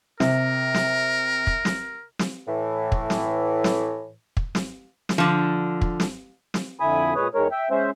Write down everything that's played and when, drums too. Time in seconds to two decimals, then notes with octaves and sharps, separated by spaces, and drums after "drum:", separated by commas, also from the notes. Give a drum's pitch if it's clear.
0.20 C3 A#4, drum: snare
0.74 drum: snare
1.47 drum: kick
1.65 drum: snare
2.19 drum: snare
2.47 A2 E3
2.92 drum: kick
3.10 drum: snare
3.64 drum: snare
4.37 drum: kick
4.55 drum: snare
5.09 drum: snare
5.18 D3 F3
5.82 drum: kick
6.00 drum: snare
6.54 drum: snare
6.80 F2 D3 E4 G#5 B5 D#6
7.15 A#2 G#3 B4 C#5 D#6
7.34 E2 D#3 G#3 A#4 C#5
7.51 E5 G5
7.70 G#3 C#4 C5 E5